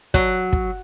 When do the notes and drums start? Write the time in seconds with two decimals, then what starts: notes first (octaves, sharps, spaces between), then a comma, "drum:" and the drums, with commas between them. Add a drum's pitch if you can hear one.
0.14 F#3, drum: kick
0.53 drum: kick